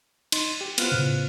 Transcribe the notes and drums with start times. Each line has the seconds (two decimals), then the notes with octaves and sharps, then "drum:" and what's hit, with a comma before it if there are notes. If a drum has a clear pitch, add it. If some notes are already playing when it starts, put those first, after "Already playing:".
0.32 D#4 C6, drum: cymbal
0.61 G4
0.78 B3 F4 C5 F6 F#6, drum: cymbal
0.92 A2 C#3